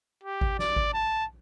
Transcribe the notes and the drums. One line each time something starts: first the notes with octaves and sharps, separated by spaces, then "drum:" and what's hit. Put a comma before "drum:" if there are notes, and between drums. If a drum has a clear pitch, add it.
G4
drum: kick G#1
D5, drum: snare
drum: kick G#1
A5